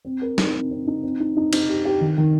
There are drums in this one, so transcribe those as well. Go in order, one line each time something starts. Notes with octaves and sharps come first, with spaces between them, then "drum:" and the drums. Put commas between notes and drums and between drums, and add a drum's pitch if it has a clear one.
C4
A#4
D#4, drum: snare
C4
C4
D#4
C4
D#4
D#4
D#4, drum: cymbal
G4
G4
D#3
D#3